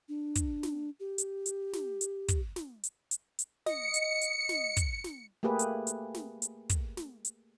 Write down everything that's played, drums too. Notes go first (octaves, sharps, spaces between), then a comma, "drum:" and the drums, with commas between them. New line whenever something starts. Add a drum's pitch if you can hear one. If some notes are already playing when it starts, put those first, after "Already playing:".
D4
drum: kick, hi-hat
drum: snare
G4
drum: hi-hat
drum: hi-hat
drum: snare
drum: hi-hat
drum: kick, hi-hat
drum: snare
drum: hi-hat
drum: hi-hat
drum: hi-hat
D#5 C#7, drum: snare
drum: hi-hat
drum: hi-hat
drum: snare
drum: kick, hi-hat
drum: snare
A3 A#3 G4 G#4 B4
drum: hi-hat
drum: hi-hat
drum: snare
drum: hi-hat
drum: kick, hi-hat
drum: snare
drum: hi-hat